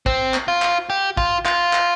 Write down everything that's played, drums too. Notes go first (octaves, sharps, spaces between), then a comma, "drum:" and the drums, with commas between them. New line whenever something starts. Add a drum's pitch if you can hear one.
C4, drum: kick
drum: clap
F4
drum: clap
G4
F4, drum: kick
F4, drum: clap
drum: clap